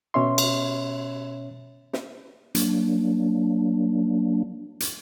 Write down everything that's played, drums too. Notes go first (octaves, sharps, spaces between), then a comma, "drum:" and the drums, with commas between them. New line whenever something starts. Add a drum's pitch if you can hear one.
B2 C#4 C#5 E5 C6
drum: cymbal
drum: snare
F#3 A#3 D4, drum: hi-hat
drum: hi-hat